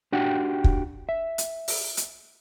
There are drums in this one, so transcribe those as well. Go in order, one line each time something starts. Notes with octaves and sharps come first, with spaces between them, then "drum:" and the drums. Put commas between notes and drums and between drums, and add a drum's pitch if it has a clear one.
D4 F#4 G4 F#5 G5
drum: kick
E5
drum: hi-hat
drum: open hi-hat
drum: hi-hat